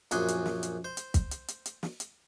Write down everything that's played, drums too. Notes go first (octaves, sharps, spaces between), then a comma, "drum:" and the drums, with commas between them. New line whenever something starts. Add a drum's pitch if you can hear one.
A#1 F#2 F#4 G#4 C6, drum: hi-hat
drum: hi-hat
drum: snare
drum: hi-hat
C5
drum: hi-hat
drum: kick, hi-hat
drum: hi-hat
drum: hi-hat
drum: hi-hat
drum: snare
drum: hi-hat